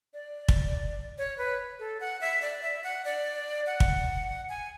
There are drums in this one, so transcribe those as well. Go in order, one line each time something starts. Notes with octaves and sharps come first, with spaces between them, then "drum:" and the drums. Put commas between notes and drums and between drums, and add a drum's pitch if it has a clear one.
D5
drum: kick
C#5
B4
A4
F#5
E5
D5
E5
F#5
D5
F#5
drum: kick
G#5